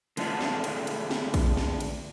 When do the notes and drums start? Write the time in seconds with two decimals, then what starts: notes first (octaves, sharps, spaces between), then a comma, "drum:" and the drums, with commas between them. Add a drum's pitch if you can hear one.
0.17 D3 G#3 A3 D4 F4, drum: cymbal
0.41 drum: snare
0.64 drum: cymbal
0.87 drum: cymbal
1.11 drum: snare
1.34 drum: kick, cymbal
1.57 drum: snare
1.80 drum: cymbal